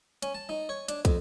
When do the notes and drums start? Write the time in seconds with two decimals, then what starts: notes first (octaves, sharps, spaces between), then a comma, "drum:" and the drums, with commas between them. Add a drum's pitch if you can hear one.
0.23 C#4, drum: hi-hat
0.35 A5
0.49 D#4
0.69 C#5
0.89 D4, drum: hi-hat
1.05 F2, drum: kick, hi-hat